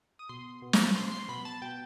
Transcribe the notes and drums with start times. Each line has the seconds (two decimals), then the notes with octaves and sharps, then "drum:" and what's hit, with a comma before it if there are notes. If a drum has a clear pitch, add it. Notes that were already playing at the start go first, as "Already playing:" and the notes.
0.19 D#6
0.29 B2 C6
0.62 B2
0.73 drum: snare
0.95 B2 C6
1.12 C6
1.29 B2 B5
1.45 A5
1.62 B2 G5